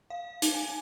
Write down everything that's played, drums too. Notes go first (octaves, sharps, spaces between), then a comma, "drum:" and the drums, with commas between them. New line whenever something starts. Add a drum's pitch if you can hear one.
F5
D#4, drum: hi-hat
G#5